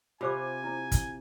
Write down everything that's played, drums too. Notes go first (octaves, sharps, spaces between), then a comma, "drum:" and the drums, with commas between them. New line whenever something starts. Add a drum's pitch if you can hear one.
C3 F4 C5 F5 G#5 D6
E4
drum: kick, hi-hat